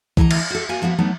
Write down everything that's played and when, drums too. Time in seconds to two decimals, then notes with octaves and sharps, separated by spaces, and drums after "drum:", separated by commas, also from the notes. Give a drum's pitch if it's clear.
0.17 D2 E3 D#5 A5 A#5, drum: kick
0.31 drum: cymbal
0.50 F#4 A4
0.69 A#3 F#4 A#4 G#5
0.82 F3 A#3 B3 F#4
0.99 F#3 A3 B3 D#4